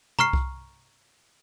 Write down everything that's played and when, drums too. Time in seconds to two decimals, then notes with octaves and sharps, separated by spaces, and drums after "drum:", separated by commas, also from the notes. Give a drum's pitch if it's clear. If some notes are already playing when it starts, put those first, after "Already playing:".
0.19 A#5 C#6 F6 C7, drum: tom
0.33 drum: kick C2